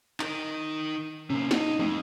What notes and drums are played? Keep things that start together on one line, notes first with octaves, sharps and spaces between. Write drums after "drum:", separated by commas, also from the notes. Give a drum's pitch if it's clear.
D#4 A#4, drum: clap
C3 A#3 C#4
D#4 F4 D#5, drum: snare
F2, drum: tom